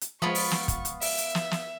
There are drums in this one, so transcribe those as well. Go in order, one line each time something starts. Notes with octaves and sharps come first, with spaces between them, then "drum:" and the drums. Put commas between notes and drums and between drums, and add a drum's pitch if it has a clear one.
drum: hi-hat
F3 G#3 B3 F4 B5 C#6
drum: open hi-hat
drum: snare
drum: kick, hi-hat
drum: hi-hat
E5, drum: open hi-hat
drum: hi-hat
drum: snare
drum: snare